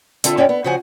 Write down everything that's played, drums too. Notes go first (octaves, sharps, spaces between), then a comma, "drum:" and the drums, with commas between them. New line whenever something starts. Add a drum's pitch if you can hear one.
D3 C4 F4 A4 E5 A5, drum: hi-hat
F#2 C#4 C#5 D5 G5
B3
C#3 F3 F#4 C5 F#5 G#5